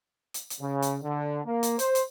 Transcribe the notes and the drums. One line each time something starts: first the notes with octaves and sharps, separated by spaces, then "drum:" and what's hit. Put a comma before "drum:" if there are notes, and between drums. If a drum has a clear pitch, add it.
drum: hi-hat
drum: hi-hat
C#3
drum: hi-hat
D3
A#3
drum: hi-hat
C5, drum: hi-hat
drum: hi-hat